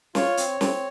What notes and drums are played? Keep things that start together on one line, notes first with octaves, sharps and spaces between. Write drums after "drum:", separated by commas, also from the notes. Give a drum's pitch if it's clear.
F4 C#5, drum: snare
C4, drum: hi-hat
C4, drum: snare